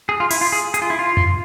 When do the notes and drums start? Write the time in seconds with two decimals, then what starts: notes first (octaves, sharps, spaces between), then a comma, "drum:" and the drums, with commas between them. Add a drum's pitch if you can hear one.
0.09 G#4
0.20 F4
0.30 E4, drum: open hi-hat
0.41 F4
0.52 G#4
0.74 G#4, drum: hi-hat
0.82 F4
0.90 E4
0.99 F4
1.17 drum: tom F2